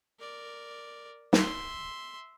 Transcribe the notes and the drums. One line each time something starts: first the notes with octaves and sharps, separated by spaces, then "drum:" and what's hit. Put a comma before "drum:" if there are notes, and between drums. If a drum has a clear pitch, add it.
A#4 D5
E5 C6, drum: snare